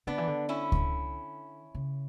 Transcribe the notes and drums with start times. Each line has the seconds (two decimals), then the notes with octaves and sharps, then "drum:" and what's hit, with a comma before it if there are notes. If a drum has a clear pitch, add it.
0.07 D3 B3 D4
0.18 E3
0.27 D3
0.49 C#4 E4
0.72 drum: kick C#2
1.75 C#3